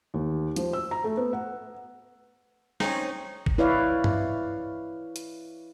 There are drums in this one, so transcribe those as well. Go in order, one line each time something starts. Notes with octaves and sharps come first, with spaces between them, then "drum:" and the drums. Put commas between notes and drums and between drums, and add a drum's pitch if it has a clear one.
D#2
F3, drum: hi-hat
E6
A#5
A3
B3
F#5
C4 C#4 D#4, drum: snare
drum: kick
E4 B4 C#5 D5 E5 F5
drum: tom G2
drum: hi-hat